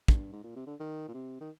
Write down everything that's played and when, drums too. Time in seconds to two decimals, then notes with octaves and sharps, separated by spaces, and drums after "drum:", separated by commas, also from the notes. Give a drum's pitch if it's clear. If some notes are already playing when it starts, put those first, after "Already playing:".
0.08 G2, drum: kick
0.33 G#2
0.44 A#2
0.56 C3
0.67 D3
0.80 D#3
1.08 A#2
1.14 C3
1.41 D#3